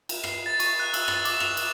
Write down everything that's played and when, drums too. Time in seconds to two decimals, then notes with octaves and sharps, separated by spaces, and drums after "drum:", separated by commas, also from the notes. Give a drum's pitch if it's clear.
0.09 drum: cymbal
0.24 C7, drum: rim click
0.46 A6
0.60 C#6, drum: cymbal
0.80 F#6
0.94 E6, drum: cymbal
1.08 A6, drum: rim click
1.25 D6, drum: cymbal
1.40 F7, drum: rim click
1.57 drum: cymbal